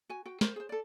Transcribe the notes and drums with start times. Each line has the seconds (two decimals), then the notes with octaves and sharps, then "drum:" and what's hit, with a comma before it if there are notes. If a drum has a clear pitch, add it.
0.09 F#4 G#5
0.26 F#4 G5
0.41 A#4 C5, drum: snare
0.56 G#4 C5
0.69 A4 D5